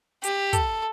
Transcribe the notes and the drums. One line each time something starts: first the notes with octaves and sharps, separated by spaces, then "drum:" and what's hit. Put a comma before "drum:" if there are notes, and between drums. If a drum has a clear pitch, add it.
G4, drum: hi-hat
A4, drum: kick, hi-hat